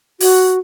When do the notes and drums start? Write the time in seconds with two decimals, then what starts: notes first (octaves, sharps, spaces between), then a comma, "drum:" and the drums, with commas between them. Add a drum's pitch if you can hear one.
0.20 F#4, drum: open hi-hat